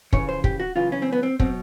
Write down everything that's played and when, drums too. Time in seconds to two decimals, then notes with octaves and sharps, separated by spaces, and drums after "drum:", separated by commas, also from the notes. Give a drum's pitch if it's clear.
0.13 F2 C#3 E3 C#5, drum: kick
0.29 C5
0.44 G4, drum: kick
0.60 F#4
0.76 F#2 C#3 E3 F4
0.92 C#4
1.02 C4
1.12 B3
1.23 C4
1.40 B2 F#3 C4, drum: kick